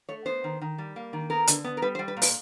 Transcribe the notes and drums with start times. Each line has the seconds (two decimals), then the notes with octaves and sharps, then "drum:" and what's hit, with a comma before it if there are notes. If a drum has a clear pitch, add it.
0.09 A3 C#5
0.25 B3 C5
0.44 D#3
0.61 D#3
0.78 G3
0.96 A#3
1.13 D#3
1.30 B3 A#4
1.47 D3, drum: hi-hat
1.64 B3
1.77 A#4
1.82 G3 B4
1.95 C5
1.99 G3
2.08 B4
2.17 A#2
2.22 B4, drum: open hi-hat